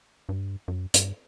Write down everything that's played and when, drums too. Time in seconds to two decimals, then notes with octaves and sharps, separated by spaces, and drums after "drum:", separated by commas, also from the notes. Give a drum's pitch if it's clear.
0.29 G2
0.68 F#2
0.94 G2, drum: hi-hat